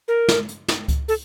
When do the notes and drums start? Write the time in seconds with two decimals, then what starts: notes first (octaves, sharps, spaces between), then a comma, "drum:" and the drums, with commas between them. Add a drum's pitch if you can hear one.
0.08 A#4
0.29 drum: snare
0.48 drum: hi-hat
0.68 drum: snare
0.88 drum: kick C#2, hi-hat
1.08 A4, drum: open hi-hat